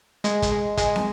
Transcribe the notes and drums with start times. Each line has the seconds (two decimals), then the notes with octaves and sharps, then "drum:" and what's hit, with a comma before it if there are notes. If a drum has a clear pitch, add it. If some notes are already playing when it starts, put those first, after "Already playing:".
0.24 G#3, drum: hi-hat
0.42 drum: kick, hi-hat
0.52 G#3
0.77 G#3, drum: kick, hi-hat
0.96 drum: snare